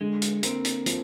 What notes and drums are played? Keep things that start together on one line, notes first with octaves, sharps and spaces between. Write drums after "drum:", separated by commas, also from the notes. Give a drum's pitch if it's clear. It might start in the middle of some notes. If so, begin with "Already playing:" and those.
D3 G#3
drum: hi-hat
A#3 C4, drum: hi-hat
drum: hi-hat
F3, drum: hi-hat